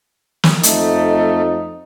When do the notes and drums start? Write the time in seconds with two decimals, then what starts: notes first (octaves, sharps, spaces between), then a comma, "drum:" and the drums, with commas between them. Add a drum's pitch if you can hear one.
0.44 drum: snare
0.63 F2 A3 D#4, drum: hi-hat